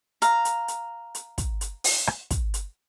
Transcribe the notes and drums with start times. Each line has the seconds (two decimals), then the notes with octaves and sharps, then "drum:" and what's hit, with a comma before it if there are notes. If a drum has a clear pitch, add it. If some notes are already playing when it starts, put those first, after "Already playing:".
0.22 F5 A#5, drum: hi-hat
0.45 drum: hi-hat
0.68 drum: hi-hat
1.15 drum: hi-hat
1.38 drum: kick, hi-hat
1.61 drum: hi-hat
1.84 drum: open hi-hat
2.07 drum: rim click
2.31 drum: kick, hi-hat
2.54 drum: hi-hat